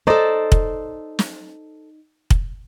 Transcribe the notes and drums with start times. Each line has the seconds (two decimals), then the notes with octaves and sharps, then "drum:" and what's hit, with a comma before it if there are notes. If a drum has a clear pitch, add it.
0.07 D#4 A4 C5 D5
0.52 drum: kick
1.19 drum: snare
2.30 drum: kick